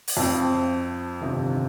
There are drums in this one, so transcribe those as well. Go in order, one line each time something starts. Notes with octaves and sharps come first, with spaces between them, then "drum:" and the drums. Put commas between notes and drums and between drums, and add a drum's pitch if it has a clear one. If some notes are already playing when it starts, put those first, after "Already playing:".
drum: open hi-hat
F2 F3 C4
G1 F2 C3 D#3